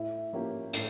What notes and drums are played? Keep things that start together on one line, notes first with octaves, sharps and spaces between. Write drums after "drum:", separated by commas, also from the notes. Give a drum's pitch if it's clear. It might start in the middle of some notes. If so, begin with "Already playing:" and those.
Already playing: A2 E4
F3 A#3 C#4 G4
A2, drum: hi-hat